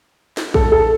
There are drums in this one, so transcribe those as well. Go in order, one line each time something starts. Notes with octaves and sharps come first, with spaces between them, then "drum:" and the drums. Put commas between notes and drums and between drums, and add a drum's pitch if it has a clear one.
drum: snare
A4, drum: kick
A4